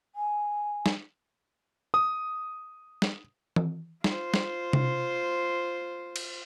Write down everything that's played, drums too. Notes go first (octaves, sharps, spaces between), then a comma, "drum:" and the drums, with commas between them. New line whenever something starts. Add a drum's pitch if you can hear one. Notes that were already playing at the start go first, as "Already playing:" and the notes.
G#5
drum: snare
D#6
drum: snare
drum: tom E3
F4 C5, drum: snare
drum: snare
drum: tom C3
drum: cymbal